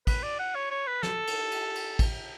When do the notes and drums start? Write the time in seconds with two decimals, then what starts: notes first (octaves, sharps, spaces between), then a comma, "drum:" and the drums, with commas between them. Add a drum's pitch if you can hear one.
0.07 B4, drum: kick, cymbal
0.23 D5
0.39 F#5
0.55 C#5
0.71 C#5
0.87 B4
1.03 A4, drum: snare
1.27 drum: cymbal
1.51 drum: cymbal
1.75 drum: cymbal
1.99 drum: kick, cymbal